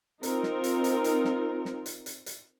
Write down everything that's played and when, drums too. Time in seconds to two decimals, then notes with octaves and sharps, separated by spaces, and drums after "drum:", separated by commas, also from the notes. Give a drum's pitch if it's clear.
0.23 C4 D#4 F4 A#4, drum: hi-hat
0.43 drum: snare
0.64 drum: hi-hat
0.84 drum: hi-hat
1.04 drum: hi-hat
1.25 drum: snare
1.65 drum: snare
1.86 drum: hi-hat
2.06 drum: hi-hat
2.26 drum: hi-hat